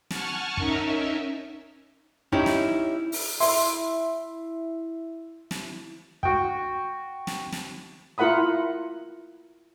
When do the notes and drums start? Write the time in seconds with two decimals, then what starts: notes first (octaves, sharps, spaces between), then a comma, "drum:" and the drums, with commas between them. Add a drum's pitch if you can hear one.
0.10 F#5 G#5 A5 C#6 F6, drum: snare
0.57 C#4 D#4 A#4 E5, drum: kick
2.32 C#4 D#4 E4 G4, drum: kick
2.46 drum: snare
3.12 drum: open hi-hat
3.40 E4 E5 C6, drum: open hi-hat
5.51 drum: snare
6.23 F#4 G5, drum: kick
7.27 drum: snare
7.52 drum: snare
8.18 E4 F4 A#4 F#5 B5 D#6